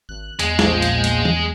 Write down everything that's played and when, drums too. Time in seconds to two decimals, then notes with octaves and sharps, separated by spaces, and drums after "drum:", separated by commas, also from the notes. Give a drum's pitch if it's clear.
0.09 G#1 F#6
0.39 E2 G#3, drum: hi-hat
0.59 A#1 F3 G5, drum: snare
0.82 drum: hi-hat
1.04 drum: hi-hat
1.25 drum: tom